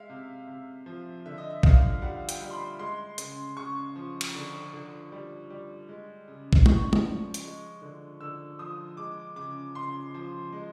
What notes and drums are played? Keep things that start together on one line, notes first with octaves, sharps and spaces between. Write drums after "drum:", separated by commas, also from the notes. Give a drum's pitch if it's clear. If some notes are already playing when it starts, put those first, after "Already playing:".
Already playing: G#3 E5 F5
C3
C3
F3
D3 E5
D#5
E5
D3 F5, drum: kick
G3 F#5
G5, drum: hi-hat
G3
C6
B5
G#3 C6
C#3, drum: hi-hat
C#3 C#6
F3
drum: cymbal
D3
D3
G3
G3
G#3
C#3
drum: kick
C#3 C#6, drum: tom
drum: tom
F3
drum: hi-hat
G#3
D3
D3 E6
F3 D#6
G#3 D6
C#3 D6
C#3 C6
F3
G#3